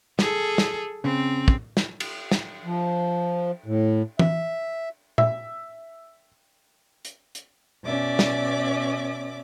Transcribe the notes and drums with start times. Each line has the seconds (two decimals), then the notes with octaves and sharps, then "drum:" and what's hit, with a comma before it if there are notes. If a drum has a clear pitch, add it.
0.19 G#4 A4, drum: snare
0.58 drum: snare
1.04 C#3 C4
1.48 drum: kick
1.77 drum: snare
2.00 drum: cymbal
2.31 drum: snare
2.65 F3
3.66 A2
4.19 E5, drum: tom
5.18 E5, drum: tom A#2
7.05 drum: hi-hat
7.35 drum: hi-hat
7.84 B2 C#4 D5 E5 D6
8.19 drum: snare